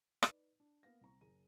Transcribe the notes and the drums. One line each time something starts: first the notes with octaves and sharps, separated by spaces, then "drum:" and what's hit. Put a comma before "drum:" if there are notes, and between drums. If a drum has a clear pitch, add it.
D#4 B4 D5, drum: rim click
D4
A#3 B3 F5 A#6
C2 C4 A#5 C#6
F#1 G#4 A#4 A#5 D#7